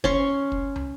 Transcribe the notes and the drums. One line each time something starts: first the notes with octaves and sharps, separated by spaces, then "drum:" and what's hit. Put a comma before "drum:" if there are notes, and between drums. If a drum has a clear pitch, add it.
C#4 C6 C#6, drum: kick
drum: kick
drum: tom